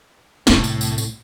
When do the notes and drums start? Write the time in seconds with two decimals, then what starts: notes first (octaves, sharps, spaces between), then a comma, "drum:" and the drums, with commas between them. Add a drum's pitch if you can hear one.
0.47 C2 A2 C3, drum: snare
0.64 drum: tambourine
0.81 drum: tambourine
0.98 drum: tambourine